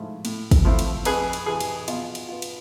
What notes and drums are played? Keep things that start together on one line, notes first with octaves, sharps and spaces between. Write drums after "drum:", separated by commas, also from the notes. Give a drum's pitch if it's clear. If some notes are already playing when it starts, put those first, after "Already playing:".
Already playing: G#2 F3 A3 E4
A2, drum: cymbal
drum: kick, cymbal
F3 A3 C4 E4
drum: cymbal
F2 G#4 B4, drum: cymbal
drum: cymbal
C3 E3 G#4
drum: cymbal
B2 F4, drum: cymbal
drum: cymbal
B3 F4
drum: cymbal